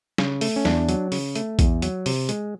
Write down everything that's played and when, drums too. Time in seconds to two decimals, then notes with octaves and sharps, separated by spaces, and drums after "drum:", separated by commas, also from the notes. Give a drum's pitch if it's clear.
0.18 C#3, drum: snare
0.41 A3, drum: open hi-hat
0.56 C#4
0.65 E2 D4, drum: snare
0.89 F#3, drum: hi-hat
1.12 C#3, drum: open hi-hat
1.35 A3, drum: hi-hat
1.59 E2, drum: kick A#1, hi-hat
1.82 F#3, drum: hi-hat
2.06 C3, drum: open hi-hat
2.29 G#3, drum: hi-hat